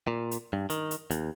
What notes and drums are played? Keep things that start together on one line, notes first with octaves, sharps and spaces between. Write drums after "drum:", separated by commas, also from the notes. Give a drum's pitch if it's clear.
A#2
drum: hi-hat
G2
D#3, drum: hi-hat
drum: hi-hat
D#2, drum: hi-hat